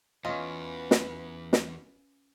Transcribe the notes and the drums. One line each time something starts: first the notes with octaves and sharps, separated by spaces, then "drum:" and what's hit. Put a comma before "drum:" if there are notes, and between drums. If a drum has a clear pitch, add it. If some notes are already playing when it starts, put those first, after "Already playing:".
E2 C#4 F4 B4 D#5
drum: snare
drum: snare